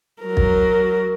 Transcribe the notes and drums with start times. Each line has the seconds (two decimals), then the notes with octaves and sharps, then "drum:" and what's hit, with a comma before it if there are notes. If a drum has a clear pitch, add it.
0.23 F#3 A#4
0.37 drum: kick